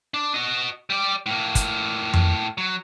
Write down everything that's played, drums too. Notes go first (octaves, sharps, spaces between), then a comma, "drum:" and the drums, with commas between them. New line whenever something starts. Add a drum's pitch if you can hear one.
D4
F#4 D#5
G3 D5
A2 A#3
drum: kick, hi-hat
drum: tom F2
F#3